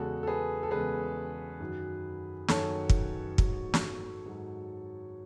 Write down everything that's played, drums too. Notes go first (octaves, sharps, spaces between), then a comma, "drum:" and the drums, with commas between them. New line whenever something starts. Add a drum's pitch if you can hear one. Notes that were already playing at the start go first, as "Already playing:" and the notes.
Already playing: E2 C#3 G#3 F#4 A4
A4
G#4 B4
A4
E2 C#3 G#3 G#4 B4
F#2 D#3 F#3
F#2 D#3 F#3 A4 C#5, drum: snare
drum: kick
G#2 F#3, drum: kick
drum: snare
G#2 F#3